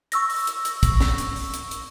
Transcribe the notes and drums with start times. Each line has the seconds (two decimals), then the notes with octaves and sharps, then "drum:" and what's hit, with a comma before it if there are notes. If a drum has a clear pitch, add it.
0.12 C#6 E6 A#6, drum: hi-hat
0.30 drum: open hi-hat
0.47 drum: hi-hat
0.65 drum: hi-hat
0.83 drum: kick, hi-hat
1.00 drum: snare
1.18 drum: hi-hat
1.36 drum: open hi-hat
1.54 drum: hi-hat
1.71 drum: hi-hat